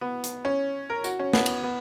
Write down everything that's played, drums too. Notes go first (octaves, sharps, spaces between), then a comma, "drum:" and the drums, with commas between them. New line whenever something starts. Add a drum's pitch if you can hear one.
B3
drum: hi-hat
C#4
A#4
F#4, drum: tambourine
C#4
B3, drum: snare
drum: cymbal
B3